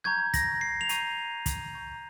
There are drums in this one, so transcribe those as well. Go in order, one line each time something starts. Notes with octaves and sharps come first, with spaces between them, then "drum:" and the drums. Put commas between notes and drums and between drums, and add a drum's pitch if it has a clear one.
A#5 C#6 G6 G#6
A#6, drum: kick, hi-hat
C7
F7
A#5 C#6 G6 D#7, drum: hi-hat
drum: kick, hi-hat
A#5 C#6 G6